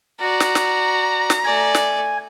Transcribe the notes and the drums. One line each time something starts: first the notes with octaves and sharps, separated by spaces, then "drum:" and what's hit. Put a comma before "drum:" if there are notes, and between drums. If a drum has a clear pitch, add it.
F#4 D5 A#5
drum: snare
drum: snare
drum: snare
A3 D5 G#5
drum: snare